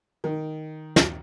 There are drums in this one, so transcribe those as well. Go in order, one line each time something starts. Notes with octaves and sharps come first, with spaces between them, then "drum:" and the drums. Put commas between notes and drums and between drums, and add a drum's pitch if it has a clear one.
D#3
drum: snare